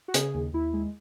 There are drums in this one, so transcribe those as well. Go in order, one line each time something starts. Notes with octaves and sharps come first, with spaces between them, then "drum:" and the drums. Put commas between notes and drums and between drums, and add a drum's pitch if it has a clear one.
F#4
C#3 G#4, drum: hi-hat
D#2
D#2 E4
G#3